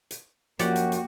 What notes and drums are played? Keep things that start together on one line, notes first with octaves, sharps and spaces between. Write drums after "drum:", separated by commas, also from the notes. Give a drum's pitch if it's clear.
drum: hi-hat
F#2 F3 A#3 F#4 G4 D5 F#5 C#6, drum: hi-hat
drum: hi-hat
drum: hi-hat